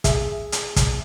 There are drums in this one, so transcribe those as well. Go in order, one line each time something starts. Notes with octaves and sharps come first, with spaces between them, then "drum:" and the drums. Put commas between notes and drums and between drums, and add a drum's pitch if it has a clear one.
G#4 E5, drum: kick, hi-hat
drum: hi-hat
drum: kick, hi-hat